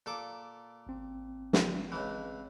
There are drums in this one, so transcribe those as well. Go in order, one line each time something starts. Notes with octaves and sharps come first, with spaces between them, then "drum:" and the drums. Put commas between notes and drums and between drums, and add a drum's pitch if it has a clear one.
A#2 A4 D6
G#1 C4
drum: snare
C#2 E3